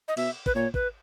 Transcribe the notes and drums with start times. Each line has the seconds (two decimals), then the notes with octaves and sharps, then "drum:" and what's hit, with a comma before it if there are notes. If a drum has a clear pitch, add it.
0.08 D#5
0.17 B2 E5, drum: cymbal
0.46 B4, drum: kick
0.55 A#2 C#5
0.74 B4, drum: kick